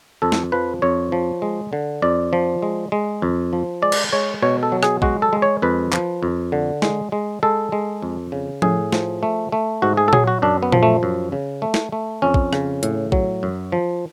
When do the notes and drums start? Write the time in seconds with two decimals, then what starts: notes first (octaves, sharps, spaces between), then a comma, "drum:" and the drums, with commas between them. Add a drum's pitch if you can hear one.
0.22 F2 A4
0.32 drum: snare
0.52 F3 B4
0.82 F2 C#5
1.12 F3
1.42 G#3
1.73 D3
2.02 F2 D5
2.33 F3
2.63 G#3
2.92 G#3
3.22 F2
3.53 F3
3.82 G#3 D5
3.92 drum: cymbal
4.13 G#3 C#5
4.42 B2 C#5
4.63 A4
4.72 F#3
4.83 G#4, drum: rim click
5.02 G#3 F#4, drum: kick
5.22 A4
5.33 G#3
5.42 C#5
5.62 F2 B4
5.93 F3, drum: clap
6.23 F2
6.52 D3
6.82 G#3, drum: snare
7.12 G#3
7.43 G#3 A4
7.72 G#3
8.02 F2
8.32 C#3
8.62 A2 G#4, drum: tom F3
8.92 F3, drum: snare
9.23 A3
9.52 A3
9.82 G#2 F#4
9.97 G#4
10.08 A4
10.13 F#3 G#4, drum: tom A#2
10.27 F#4
10.42 F#2 D4
10.63 B3
10.72 F3, drum: tom A#2
10.83 A3
11.03 F#2
11.32 C#3
11.62 A3
11.74 drum: snare
11.92 A3
12.22 F2 C#4
12.34 drum: kick
12.53 C#3, drum: rim click
12.83 A2, drum: hi-hat
13.12 F#3, drum: kick
13.43 F#2
13.72 F3